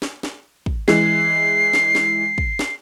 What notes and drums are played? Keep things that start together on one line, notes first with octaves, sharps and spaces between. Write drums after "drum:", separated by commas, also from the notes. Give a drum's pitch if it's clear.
drum: snare
drum: snare
drum: kick
E3 G#3 C7, drum: snare
drum: snare
drum: snare
drum: kick
drum: snare